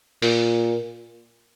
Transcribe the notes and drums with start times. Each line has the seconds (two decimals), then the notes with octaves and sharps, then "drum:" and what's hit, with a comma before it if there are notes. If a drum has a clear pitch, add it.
0.22 A#2, drum: open hi-hat